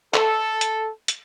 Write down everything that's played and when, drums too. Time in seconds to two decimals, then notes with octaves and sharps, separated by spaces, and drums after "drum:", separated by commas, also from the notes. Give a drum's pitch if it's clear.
0.14 A4, drum: clap
0.61 drum: hi-hat
1.08 drum: hi-hat